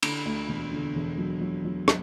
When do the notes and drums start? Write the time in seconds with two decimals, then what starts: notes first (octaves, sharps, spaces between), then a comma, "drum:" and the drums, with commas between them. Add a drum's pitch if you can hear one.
0.03 D3, drum: cymbal
0.26 D2
0.48 E1
0.73 D3
0.95 E1
1.18 F#3
1.41 F#3
1.65 F#3
1.88 drum: rim click